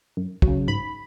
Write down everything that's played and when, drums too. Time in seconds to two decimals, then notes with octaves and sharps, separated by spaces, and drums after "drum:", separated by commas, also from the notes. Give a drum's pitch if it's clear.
0.17 F#2
0.42 F#3, drum: kick
0.48 C#3
0.68 G#2 B5